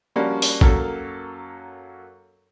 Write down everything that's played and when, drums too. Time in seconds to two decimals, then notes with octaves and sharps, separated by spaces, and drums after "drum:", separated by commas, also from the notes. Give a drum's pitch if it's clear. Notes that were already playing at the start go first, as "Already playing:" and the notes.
0.16 F3 G3 A#3 C#4 D4 F#4
0.42 drum: open hi-hat
0.61 F#2 F#3 A#3 A4 F6, drum: kick A1